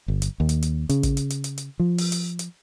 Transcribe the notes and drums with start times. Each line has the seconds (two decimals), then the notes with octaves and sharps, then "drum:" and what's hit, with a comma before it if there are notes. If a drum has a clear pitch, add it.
0.08 G1
0.22 drum: hi-hat
0.40 D#2
0.49 drum: hi-hat
0.62 drum: hi-hat
0.89 C#3, drum: hi-hat
1.03 drum: kick, hi-hat
1.17 drum: hi-hat
1.30 drum: hi-hat
1.44 drum: hi-hat
1.58 drum: hi-hat
1.80 F3
1.98 drum: open hi-hat
2.12 drum: hi-hat
2.39 drum: hi-hat